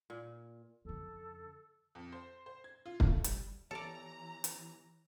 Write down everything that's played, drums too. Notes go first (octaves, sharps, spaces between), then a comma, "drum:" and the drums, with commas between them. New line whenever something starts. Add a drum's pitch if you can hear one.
A#2
F2 C#3 A4
F2
C5
C5
G#6
F4
drum: kick
A3
G3, drum: hi-hat
E3 B3 G4 A4 C#5 D5 A#5
drum: hi-hat